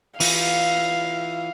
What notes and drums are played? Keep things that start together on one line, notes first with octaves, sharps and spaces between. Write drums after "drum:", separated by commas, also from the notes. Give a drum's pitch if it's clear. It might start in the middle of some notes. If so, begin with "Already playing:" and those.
E3 F4 F5, drum: open hi-hat